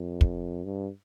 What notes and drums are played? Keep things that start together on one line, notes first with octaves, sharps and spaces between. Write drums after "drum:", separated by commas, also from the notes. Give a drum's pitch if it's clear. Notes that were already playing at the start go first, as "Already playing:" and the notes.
Already playing: F2
drum: kick
G2